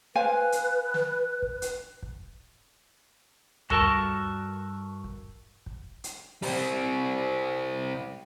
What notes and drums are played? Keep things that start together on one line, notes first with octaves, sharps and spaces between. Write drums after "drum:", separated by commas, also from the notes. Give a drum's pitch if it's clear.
B4 C5 F5 G#5
drum: hi-hat
drum: snare
drum: kick
drum: hi-hat
drum: kick
G2 F#4 A4 A#4 A5, drum: tom D2
drum: kick
drum: kick
drum: hi-hat
G3 C4, drum: open hi-hat